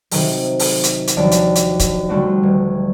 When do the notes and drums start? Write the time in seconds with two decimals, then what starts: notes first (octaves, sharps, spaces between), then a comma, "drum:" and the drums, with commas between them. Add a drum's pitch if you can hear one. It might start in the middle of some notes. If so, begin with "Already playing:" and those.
0.11 C3 D#3 F#3, drum: open hi-hat
0.59 drum: open hi-hat
0.83 drum: hi-hat
1.07 drum: hi-hat
1.17 D#2 F3 F#3 D4 D5 A5
1.31 drum: hi-hat
1.55 drum: hi-hat
1.79 drum: kick, hi-hat
2.09 D3 F#3 G3 A3 D4 F#4
2.43 D#1